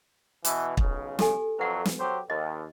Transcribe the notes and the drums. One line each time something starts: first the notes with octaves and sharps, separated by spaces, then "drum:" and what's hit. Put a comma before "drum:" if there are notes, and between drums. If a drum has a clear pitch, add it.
B2 E3, drum: hi-hat
B1 C#3, drum: kick
G4 A4 G#5, drum: snare
F2 F#3 B4 F#5
drum: snare
F#3 G4 C5
D#2 D#5